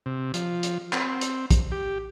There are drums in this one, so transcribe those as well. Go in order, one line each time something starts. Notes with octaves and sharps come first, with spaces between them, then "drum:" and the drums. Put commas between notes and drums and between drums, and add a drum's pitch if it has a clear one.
C3
F3, drum: hi-hat
drum: hi-hat
C4, drum: clap
drum: hi-hat
drum: kick, hi-hat
G4